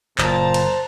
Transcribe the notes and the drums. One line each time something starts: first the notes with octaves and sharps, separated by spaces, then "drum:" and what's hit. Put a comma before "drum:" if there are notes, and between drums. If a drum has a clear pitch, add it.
F#1 A#2 C5 A5 A#5 A6, drum: clap
drum: cymbal